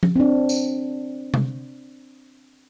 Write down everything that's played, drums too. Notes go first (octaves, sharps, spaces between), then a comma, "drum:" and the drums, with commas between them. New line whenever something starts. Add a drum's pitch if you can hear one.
drum: tom F3
C4 D4
drum: tambourine
drum: tom C3